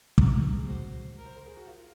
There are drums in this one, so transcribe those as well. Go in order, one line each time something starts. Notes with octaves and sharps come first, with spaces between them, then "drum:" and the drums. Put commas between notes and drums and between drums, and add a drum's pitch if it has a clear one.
A#5, drum: kick
G#4
F#4 C5
A#4
C5
A#4
G#4
F#4
F4